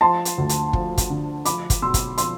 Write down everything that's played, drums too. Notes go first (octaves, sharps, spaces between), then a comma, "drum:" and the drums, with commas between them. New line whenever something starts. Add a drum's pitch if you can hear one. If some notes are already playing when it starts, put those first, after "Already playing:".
F3 A5 C6
drum: hi-hat
D2
drum: hi-hat
F3, drum: kick
drum: kick, hi-hat
D3
F3 B5 D6, drum: hi-hat
drum: kick, hi-hat
B1 C6 E6
drum: kick, hi-hat
F3 C6 E6, drum: hi-hat